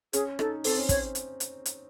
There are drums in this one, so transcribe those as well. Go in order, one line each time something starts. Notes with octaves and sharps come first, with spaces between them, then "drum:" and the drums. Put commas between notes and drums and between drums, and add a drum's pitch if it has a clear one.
C#4 G#4, drum: hi-hat
D#4 A4, drum: rim click
C4 A4, drum: open hi-hat
C#4
C#5, drum: kick, hi-hat
drum: hi-hat
drum: hi-hat
drum: hi-hat